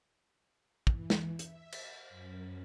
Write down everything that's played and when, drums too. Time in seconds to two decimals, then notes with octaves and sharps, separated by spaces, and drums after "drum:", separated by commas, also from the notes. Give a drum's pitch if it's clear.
0.87 E3, drum: kick
1.10 drum: snare
1.39 E5, drum: hi-hat
1.72 drum: cymbal
2.09 F#2